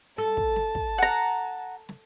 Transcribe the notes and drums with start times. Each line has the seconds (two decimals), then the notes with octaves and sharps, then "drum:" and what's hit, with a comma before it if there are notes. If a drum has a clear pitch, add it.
0.18 A4 A5
0.37 drum: kick
0.56 drum: snare
0.75 drum: kick
0.98 F#5 A#5
1.89 drum: snare